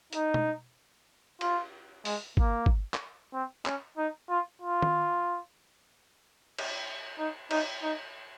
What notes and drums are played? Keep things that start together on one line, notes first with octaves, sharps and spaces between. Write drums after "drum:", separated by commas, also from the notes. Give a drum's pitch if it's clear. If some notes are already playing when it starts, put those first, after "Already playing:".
D#4, drum: hi-hat
drum: tom B2
F4, drum: cymbal
G#3, drum: open hi-hat
A#3, drum: kick G1
drum: kick G1
drum: clap
C4
C#4, drum: clap
D#4
F4
F4
drum: tom
drum: cymbal
D#4
D#4, drum: cymbal
D#4